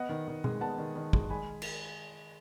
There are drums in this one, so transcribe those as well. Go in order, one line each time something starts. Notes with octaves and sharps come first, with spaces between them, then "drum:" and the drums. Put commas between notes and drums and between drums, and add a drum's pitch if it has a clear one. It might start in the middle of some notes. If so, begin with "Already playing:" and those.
Already playing: B3 D#5 F#5
D#3
D#3
G#3, drum: tom
B3 F#5 A5
D#3
D#3
G#3, drum: kick
G#3 G#5 B5
drum: cymbal